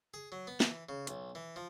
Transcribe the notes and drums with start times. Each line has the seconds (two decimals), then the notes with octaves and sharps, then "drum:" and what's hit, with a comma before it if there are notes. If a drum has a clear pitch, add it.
0.14 G#4
0.32 F#3
0.47 B3
0.60 E3, drum: snare
0.89 C#3
1.07 B1, drum: hi-hat
1.35 E3
1.56 F3